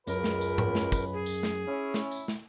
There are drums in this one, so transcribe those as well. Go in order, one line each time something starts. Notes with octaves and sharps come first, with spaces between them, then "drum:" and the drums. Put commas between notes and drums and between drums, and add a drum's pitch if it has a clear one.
C#2 F#2 A#4 B4, drum: tambourine
drum: snare
drum: tambourine
drum: tom G#2
drum: snare
drum: kick, tambourine
G#4
drum: tambourine
drum: snare
C#4 E4
drum: snare
drum: tambourine
drum: snare